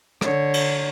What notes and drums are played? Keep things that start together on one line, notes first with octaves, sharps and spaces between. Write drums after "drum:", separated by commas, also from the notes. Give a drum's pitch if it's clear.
D3 C#5, drum: rim click
drum: cymbal